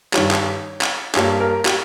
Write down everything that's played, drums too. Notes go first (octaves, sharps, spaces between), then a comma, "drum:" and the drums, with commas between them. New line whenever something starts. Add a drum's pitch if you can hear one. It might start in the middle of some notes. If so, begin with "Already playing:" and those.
G2 D#3 G3 C#5, drum: clap
drum: clap
drum: clap
G2 G3 A#3 C#5, drum: clap
A#4
G4, drum: clap